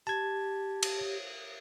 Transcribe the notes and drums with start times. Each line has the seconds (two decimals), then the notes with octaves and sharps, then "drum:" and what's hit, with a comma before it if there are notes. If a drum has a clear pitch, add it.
0.07 G4 A5 G#6
0.83 drum: cymbal